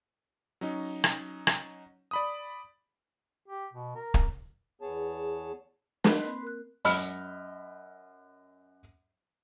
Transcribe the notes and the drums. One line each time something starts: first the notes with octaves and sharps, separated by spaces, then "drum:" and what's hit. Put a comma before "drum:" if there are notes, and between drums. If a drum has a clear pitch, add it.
F#3 C#4 D#4
drum: rim click
drum: rim click
D5 B5 D#6
G4
B2
A#4
drum: kick
E2 B3 G#4 C#5 A5
B4 A5 C6, drum: snare
A#3 C4
A#4 F#6
F#2 D#5 B5 E6 F6, drum: open hi-hat